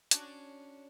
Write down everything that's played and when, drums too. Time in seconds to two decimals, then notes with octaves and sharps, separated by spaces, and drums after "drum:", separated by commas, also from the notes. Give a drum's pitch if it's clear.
0.11 C#4 D4 F#4, drum: hi-hat